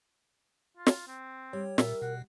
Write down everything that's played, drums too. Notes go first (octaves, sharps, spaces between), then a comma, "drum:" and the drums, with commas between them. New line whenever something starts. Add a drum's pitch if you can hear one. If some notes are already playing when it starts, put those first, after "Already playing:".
F4
drum: snare
C4
G3 C#5
A#2 A#4 E5, drum: snare
B2 F#5